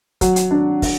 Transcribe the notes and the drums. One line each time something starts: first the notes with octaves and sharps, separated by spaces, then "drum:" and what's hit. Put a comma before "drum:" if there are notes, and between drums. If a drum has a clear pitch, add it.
F#3, drum: kick, hi-hat
drum: hi-hat
D4
drum: kick, open hi-hat